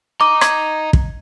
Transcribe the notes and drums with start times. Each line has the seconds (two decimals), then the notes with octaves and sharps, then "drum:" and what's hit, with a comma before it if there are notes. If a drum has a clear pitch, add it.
0.21 D#5 A#5 D6
0.41 G#6, drum: rim click
0.93 drum: kick